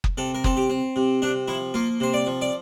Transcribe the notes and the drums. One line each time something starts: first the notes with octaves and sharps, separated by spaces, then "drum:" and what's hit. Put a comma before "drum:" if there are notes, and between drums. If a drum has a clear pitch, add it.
drum: kick F#1
C3 A4
A#4
C4 A4, drum: kick F#1
G4
C4
C3
C3 D4
F3 E4
A#3 F4
C3 C5
D5
F3
D5